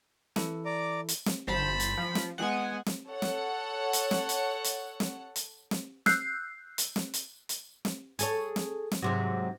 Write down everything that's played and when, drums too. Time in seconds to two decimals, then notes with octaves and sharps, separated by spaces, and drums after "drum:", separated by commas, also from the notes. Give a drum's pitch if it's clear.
0.36 E3 E4 A4, drum: snare
0.65 D5 A#5 D6
1.08 drum: hi-hat
1.26 drum: snare
1.47 G1 C5 A5 B5
1.80 drum: hi-hat
1.97 F3
2.15 drum: snare
2.38 G#3 B3 F#5 G#5
2.86 drum: snare
3.10 A4 C#5 F#5
3.22 drum: snare
3.93 drum: hi-hat
4.11 drum: snare
4.29 drum: hi-hat
4.64 drum: hi-hat
5.00 drum: snare
5.36 drum: hi-hat
5.71 drum: snare
6.06 E6 F#6 G6 C7, drum: snare
6.78 drum: hi-hat
6.96 drum: snare
7.14 drum: hi-hat
7.49 drum: hi-hat
7.85 drum: snare
8.19 G#4 A4 C#5, drum: hi-hat
8.56 drum: snare
8.91 drum: snare
9.02 G#2 C3 F#3